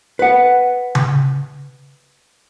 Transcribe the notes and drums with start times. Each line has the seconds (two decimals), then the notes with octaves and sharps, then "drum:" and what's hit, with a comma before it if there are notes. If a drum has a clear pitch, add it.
0.19 B4 F#5
0.95 drum: tom C#3